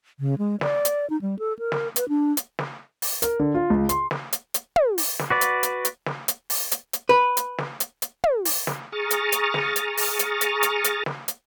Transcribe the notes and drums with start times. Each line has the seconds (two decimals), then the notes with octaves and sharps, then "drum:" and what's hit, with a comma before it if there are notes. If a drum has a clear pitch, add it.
0.20 C#3
0.38 G#3
0.61 D5, drum: snare
0.85 drum: hi-hat
1.10 D#4
1.21 G3
1.39 A4
1.59 A#4
1.72 drum: snare
1.96 B4, drum: hi-hat
2.09 D4
2.37 drum: hi-hat
2.59 drum: snare
3.02 drum: open hi-hat
3.22 A#4, drum: hi-hat
3.39 D3
3.54 F4
3.70 C#2
3.89 C6, drum: hi-hat
4.11 drum: snare
4.32 drum: hi-hat
4.54 drum: hi-hat
4.76 drum: tom
4.98 drum: open hi-hat
5.19 drum: snare
5.30 F#4 B4 D5
5.41 drum: hi-hat
5.63 drum: hi-hat
5.85 drum: hi-hat
6.06 drum: snare
6.28 drum: hi-hat
6.50 drum: open hi-hat
6.72 drum: hi-hat
6.93 drum: hi-hat
7.09 B4
7.37 drum: hi-hat
7.58 drum: snare
7.80 drum: hi-hat
8.02 drum: hi-hat
8.24 drum: tom
8.45 drum: open hi-hat
8.67 drum: snare
8.92 G#4 A#5 C#6 D#6 F6 A6
9.11 drum: hi-hat
9.32 drum: hi-hat
9.54 drum: snare
9.76 drum: hi-hat
9.97 drum: open hi-hat
10.19 drum: hi-hat
10.41 drum: hi-hat
10.63 drum: hi-hat
10.84 drum: hi-hat
11.06 drum: snare
11.28 drum: hi-hat